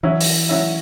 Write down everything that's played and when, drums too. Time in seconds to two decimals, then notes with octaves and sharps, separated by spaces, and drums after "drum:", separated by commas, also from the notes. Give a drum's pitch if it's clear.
0.03 E3 F#3 C#4 E4
0.21 drum: open hi-hat
0.49 F#3 C#4 E4